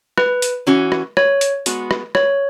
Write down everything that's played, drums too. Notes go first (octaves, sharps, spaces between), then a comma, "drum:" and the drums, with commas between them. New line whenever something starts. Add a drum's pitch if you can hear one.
B4, drum: rim click
drum: hi-hat
E3 C#4 F#4
drum: rim click
C#5, drum: rim click
drum: hi-hat
G#3 B3 F#4, drum: hi-hat
drum: rim click
C#5, drum: rim click